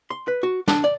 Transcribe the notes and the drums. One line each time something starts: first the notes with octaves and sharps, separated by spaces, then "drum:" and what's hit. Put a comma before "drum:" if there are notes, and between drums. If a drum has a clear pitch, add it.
C6
B4
F#4
D4, drum: snare
D5